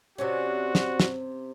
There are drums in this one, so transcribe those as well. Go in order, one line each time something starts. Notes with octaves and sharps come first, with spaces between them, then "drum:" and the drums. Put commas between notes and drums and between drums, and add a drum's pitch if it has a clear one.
C3 C#4 D4 F#4 C#5
drum: snare
drum: snare